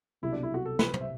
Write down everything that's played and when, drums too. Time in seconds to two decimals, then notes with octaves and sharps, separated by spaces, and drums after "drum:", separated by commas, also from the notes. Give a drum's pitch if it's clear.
0.22 C2 B2 F#3 B3 E4
0.32 D4
0.43 E4
0.54 F#4
0.65 A4
0.79 B4, drum: snare
0.94 C5, drum: tom
1.01 E5